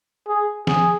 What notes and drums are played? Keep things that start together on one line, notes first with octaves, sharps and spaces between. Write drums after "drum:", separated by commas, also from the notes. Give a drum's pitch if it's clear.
G#4
G#4, drum: snare F3